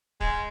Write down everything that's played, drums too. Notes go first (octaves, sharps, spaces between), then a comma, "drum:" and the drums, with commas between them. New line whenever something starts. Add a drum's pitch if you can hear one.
G#3, drum: kick